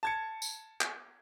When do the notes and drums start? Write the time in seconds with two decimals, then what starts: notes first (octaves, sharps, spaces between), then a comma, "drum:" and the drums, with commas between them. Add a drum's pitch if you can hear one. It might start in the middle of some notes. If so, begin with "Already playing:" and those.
0.03 A5 G#6 C#7
0.42 drum: tambourine
0.81 drum: clap